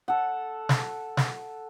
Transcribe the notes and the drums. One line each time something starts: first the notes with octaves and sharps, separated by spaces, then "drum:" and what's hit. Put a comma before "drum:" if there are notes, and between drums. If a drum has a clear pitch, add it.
A4 F#5
drum: snare
drum: snare